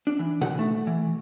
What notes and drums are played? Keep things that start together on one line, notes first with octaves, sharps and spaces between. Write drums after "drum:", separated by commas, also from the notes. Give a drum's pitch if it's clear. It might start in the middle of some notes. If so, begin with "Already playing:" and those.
D4
E3
F#5, drum: tom B2
A3
E3